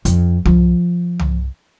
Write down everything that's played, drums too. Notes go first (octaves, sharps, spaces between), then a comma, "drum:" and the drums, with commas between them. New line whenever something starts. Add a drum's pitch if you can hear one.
F2, drum: hi-hat
F3, drum: tom C2
drum: tom C2